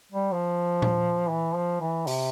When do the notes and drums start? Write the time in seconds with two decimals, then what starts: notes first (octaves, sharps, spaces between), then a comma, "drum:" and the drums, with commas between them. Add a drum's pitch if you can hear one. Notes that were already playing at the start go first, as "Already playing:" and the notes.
0.12 G3
0.32 F3
0.82 drum: tom A#2
1.30 E3
1.56 F3
1.81 E3
2.07 C3, drum: open hi-hat